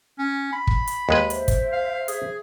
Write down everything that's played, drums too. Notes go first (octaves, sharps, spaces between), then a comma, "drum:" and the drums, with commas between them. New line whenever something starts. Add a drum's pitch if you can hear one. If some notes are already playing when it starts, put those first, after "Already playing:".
C#4
B5
drum: kick
drum: hi-hat
D#2 G#3 B4
C5 E5, drum: hi-hat
drum: kick, hi-hat
F5
G#4, drum: hi-hat